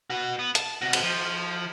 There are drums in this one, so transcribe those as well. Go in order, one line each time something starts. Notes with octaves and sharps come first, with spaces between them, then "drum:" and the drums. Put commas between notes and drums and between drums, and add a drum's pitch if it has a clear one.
F#4 B4
B3
A5, drum: hi-hat
C3 F#4
drum: cymbal
F3